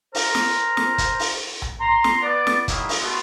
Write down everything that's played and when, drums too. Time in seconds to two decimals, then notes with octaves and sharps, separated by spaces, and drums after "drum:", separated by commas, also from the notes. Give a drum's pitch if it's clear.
0.15 A#4 C5, drum: open hi-hat
0.35 drum: snare
0.77 drum: snare
0.98 drum: kick, hi-hat
1.19 drum: open hi-hat
1.62 drum: tom A#1
1.80 A#5 C6
2.04 drum: snare
2.22 B3 D5
2.47 drum: snare
2.68 D#3 F3 F#3 G#3 A#3 E4, drum: kick, hi-hat
2.89 drum: open hi-hat
3.00 B2 A3 B3 C6